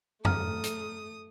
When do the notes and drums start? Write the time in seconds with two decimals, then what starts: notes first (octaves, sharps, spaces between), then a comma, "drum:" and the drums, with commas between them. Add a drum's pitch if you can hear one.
0.25 A3 A#5 D#6 F6, drum: tom F2
0.64 drum: hi-hat